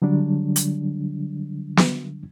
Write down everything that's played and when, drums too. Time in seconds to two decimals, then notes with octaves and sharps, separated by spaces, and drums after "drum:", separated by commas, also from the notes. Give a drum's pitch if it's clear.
0.02 D3 F#3 G3 D4
0.56 drum: hi-hat
1.77 drum: snare